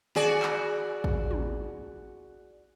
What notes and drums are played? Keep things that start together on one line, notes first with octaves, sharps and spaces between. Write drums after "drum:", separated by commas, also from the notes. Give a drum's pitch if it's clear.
F#4 G#4 D5, drum: snare
drum: clap
drum: kick A1
drum: tom